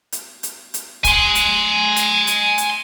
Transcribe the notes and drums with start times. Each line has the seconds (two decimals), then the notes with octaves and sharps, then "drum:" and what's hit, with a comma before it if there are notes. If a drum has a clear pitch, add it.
0.12 drum: hi-hat
0.43 drum: hi-hat
0.74 drum: hi-hat
1.04 G#5 C6, drum: kick, hi-hat
1.35 drum: hi-hat
1.96 drum: hi-hat
2.27 drum: hi-hat
2.58 drum: hi-hat